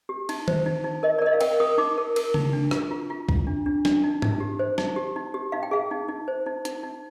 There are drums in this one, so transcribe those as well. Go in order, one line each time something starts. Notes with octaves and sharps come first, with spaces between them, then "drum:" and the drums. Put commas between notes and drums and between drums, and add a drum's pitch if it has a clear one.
G4
D#4, drum: cymbal
C5, drum: tom D#3
D#4
D#4
A#4 D#5
D5
A#4 D#5
F5
A#4 G5, drum: cymbal
A#4 D#6
D#4 D6
A#4
A#4, drum: cymbal
D#4, drum: tom C#3
D4
F4, drum: rim click
F4
F4
F4, drum: kick C2
D4
D4
D4, drum: snare
D#4
D#4, drum: tom G#2
G4
C5
D#4, drum: snare
G4
D#4
G4
D#4 F5
G5
G#4 F5
D#4
D#4
C5
D#4
D#4, drum: hi-hat
D#4